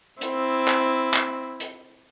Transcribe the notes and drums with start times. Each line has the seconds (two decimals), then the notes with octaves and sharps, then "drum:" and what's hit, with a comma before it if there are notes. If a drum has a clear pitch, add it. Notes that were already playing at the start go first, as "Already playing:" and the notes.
0.21 C4 E4, drum: hi-hat
0.68 drum: clap
1.14 drum: clap
1.60 drum: hi-hat